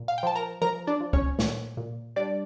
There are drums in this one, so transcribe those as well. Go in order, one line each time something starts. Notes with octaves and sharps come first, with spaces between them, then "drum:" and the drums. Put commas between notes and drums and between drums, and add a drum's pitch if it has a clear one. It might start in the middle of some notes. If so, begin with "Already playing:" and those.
Already playing: A#2
F5
G5
F3 A5
A#4 A#5
F3 A#4 A#5
D4 D5
F3
C#4 C#5, drum: kick
A#2, drum: snare
A#2
G3 D4 D5